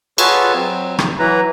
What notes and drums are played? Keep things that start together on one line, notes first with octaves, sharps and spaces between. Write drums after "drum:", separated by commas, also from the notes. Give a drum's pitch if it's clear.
F4 F#4 G#4 A4 B4 C#5, drum: cymbal
F#3 C4
drum: rim click
E3 F#3 E4 B4 A#5